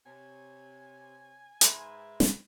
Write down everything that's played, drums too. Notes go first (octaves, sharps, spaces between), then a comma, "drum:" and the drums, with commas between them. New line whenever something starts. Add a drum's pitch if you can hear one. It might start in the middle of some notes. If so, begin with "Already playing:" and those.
C3 C#5 G#5
G#2 B4 E5 C6, drum: hi-hat
drum: snare